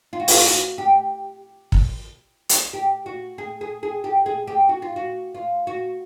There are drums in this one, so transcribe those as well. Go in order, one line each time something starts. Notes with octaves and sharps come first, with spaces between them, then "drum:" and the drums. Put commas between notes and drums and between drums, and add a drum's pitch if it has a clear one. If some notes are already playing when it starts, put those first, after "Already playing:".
F4
F#4
F4, drum: open hi-hat
F#4
G4
drum: kick
drum: hi-hat
G4
F#4
G#4
G#4
G#4
G4
G#4
G4
F#4
F4
F#4
F4
F#4